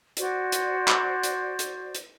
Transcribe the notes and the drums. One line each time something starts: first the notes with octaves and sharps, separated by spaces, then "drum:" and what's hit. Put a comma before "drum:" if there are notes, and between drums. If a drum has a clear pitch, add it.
F#4 C5 D5, drum: hi-hat
drum: hi-hat
drum: clap
drum: hi-hat
drum: hi-hat
drum: hi-hat